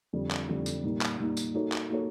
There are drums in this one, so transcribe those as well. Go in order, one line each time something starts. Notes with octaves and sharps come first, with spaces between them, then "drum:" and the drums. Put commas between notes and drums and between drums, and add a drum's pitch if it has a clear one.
F2 D3 G3
drum: clap
F2 D3 G3
drum: tambourine
A#2 G3 A#3 D#4
drum: clap
A#2 G3 A#3 D#4
drum: tambourine
A#3 D#4 F#4 A4 C#5
drum: clap
A#3 D#4 F#4 A4 C#5